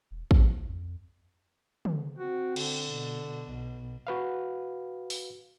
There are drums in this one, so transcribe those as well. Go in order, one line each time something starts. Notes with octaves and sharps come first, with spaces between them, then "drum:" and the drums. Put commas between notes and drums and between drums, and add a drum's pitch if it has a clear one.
E1
F#3, drum: kick
C#2
F2
drum: tom
C4 F#4
D3, drum: cymbal
B2
B1 B2
F#4 B4 F5
drum: open hi-hat